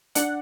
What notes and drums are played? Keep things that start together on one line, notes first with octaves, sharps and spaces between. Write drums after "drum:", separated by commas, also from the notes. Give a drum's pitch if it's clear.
D4 F#5, drum: hi-hat